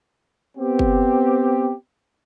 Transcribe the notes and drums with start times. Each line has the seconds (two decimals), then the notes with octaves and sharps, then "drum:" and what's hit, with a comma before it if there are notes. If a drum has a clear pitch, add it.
0.58 B3 C4 G4
0.79 drum: kick F#1